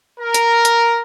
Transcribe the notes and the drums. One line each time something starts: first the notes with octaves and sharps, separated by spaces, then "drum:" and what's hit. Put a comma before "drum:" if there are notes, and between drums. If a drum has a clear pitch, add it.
A#4
drum: hi-hat
drum: hi-hat